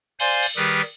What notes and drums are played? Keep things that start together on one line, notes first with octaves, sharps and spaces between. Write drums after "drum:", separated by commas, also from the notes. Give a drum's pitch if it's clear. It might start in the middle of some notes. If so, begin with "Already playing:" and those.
C5 D5 F5 G#5 C6, drum: cymbal
drum: cymbal
D#3 G3 G4 G#4 A#4 B4